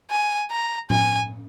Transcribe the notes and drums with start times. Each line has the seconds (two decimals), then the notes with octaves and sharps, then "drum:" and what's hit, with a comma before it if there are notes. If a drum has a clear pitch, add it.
0.10 G#5
0.51 A#5
0.90 G#5, drum: tom A2